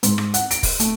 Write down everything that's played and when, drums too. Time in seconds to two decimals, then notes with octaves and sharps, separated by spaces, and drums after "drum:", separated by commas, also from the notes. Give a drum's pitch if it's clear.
0.03 G#2, drum: hi-hat
0.18 drum: rim click
0.34 F#5, drum: hi-hat
0.51 D7, drum: hi-hat
0.63 drum: kick, open hi-hat
0.80 A3, drum: hi-hat